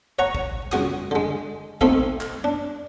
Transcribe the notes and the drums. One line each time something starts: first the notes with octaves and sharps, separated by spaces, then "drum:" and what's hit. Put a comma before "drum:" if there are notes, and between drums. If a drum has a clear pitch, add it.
C#5 F#5 A#5 C#6
drum: kick
C#2 F#4 D#6, drum: clap
D3 G#3
A3 C4 D#4 A4 F5, drum: kick
drum: clap
D4